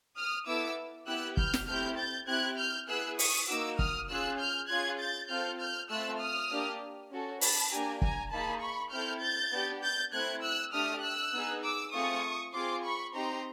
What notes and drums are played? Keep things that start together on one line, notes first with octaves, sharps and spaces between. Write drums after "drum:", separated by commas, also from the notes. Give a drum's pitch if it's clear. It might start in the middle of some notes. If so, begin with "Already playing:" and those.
D#6 F6
B3 E4 A4 D6 E6
B3 E4 G4 E6 F#6
F6 G6, drum: kick
drum: snare
A3 C4 E4 G4 F6 G6
G6 A6
C4 E4 G4 F#6 G#6
F6 G6
B3 E4 G#4 E6 F#6
C#6 D#6, drum: open hi-hat
A#3 D#4 F#4 D6 E6
D#6 F6, drum: kick
C#4 F4 G#4 E6 F#6
F6 G6
C#4 F4 G#4 F#6 G#6
G6 A6
C4 F4 A4 F6 G6
F6 G6
A3 C4 F4 E6 F#6
D#6 F6
A#3 D4 G4
C#4 F#4 A4
A5 B5, drum: open hi-hat
A#3 D4 G4 G#5 A#5
G#5 A#5, drum: kick
A#3 D#4 G#4 A5 B5
B5 C#6
C4 E4 A4 F6 G6
G6 A6
B3 D4 G4
G6 A6
A3 C4 E4 F#6 G#6
E6 F#6
A3 D4 G4 D#6 F6
E6 F#6
B3 D#4 G#4
D6 E6
A3 C4 F4 G#4 C#6 D#6
C4 F4 G#4 C6 D6
B5 C#6
C4 D#4 G4 A#5 C6